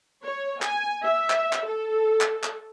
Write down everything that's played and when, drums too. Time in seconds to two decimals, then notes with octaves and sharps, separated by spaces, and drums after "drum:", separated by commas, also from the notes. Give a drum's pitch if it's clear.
0.24 C#5
0.62 G#5, drum: clap
1.03 E5
1.30 drum: clap
1.53 drum: clap
1.66 A4
2.21 drum: clap
2.44 drum: clap